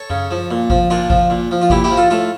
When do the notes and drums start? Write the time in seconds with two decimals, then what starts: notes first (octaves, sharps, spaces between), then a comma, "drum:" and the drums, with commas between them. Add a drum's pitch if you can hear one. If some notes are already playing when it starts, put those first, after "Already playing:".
Already playing: A4 C#5
0.10 C#3, drum: tom F#2
0.31 F3
0.51 A#2
0.70 F3, drum: kick G#1
0.90 A#2 D4 F4
1.10 F3, drum: kick G#1
1.30 A#2
1.51 F3
1.61 F4
1.70 A#2 E4 G4, drum: kick G#1
1.84 E4 G4
1.90 F3
1.97 F4 A4
2.10 A2 F4 A4